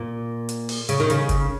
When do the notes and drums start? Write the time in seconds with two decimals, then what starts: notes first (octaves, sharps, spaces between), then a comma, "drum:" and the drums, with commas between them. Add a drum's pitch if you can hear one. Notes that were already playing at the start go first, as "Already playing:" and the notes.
Already playing: A#2
0.49 drum: hi-hat
0.69 drum: open hi-hat
0.89 C#3, drum: hi-hat
1.00 D#3
1.10 C#3, drum: hi-hat
1.29 drum: kick F#1, hi-hat